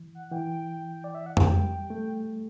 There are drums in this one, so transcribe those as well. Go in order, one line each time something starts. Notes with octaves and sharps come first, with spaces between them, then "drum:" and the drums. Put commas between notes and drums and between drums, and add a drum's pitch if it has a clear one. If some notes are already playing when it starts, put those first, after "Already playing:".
Already playing: E3
F#5
E3 G5
D5
E5
F#5
G5, drum: tom F2
G3
A3